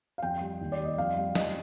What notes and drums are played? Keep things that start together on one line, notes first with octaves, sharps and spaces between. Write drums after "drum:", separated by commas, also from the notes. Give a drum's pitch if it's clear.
F5
F2 G5
G3
D#2
D5
G3 D#5
F2 F5
G3
F2 D#5, drum: snare